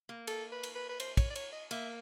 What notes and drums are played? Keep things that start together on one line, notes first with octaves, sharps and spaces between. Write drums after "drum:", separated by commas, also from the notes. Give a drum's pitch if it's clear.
A#3
A4, drum: cymbal
B4
drum: cymbal
B4
B4
C5, drum: cymbal
C#5, drum: kick, cymbal
D5
C#5, drum: cymbal
D#5
A#3 E5, drum: cymbal